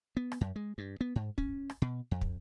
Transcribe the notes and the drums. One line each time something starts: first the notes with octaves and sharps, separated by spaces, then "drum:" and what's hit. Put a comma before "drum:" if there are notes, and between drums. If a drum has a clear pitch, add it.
B3
drum: rim click
F#2
G#3
G2
B3
G#2
C#4, drum: kick
drum: rim click
B2
F2
drum: kick